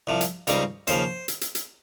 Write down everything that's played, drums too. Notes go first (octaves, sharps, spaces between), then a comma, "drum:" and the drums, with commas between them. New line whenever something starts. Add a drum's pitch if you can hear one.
C2 C3 F3
drum: hi-hat
C#2 C#3 G3 C4 D#4, drum: hi-hat
D#2 C#3 F3 C5, drum: hi-hat
drum: hi-hat
drum: hi-hat
drum: hi-hat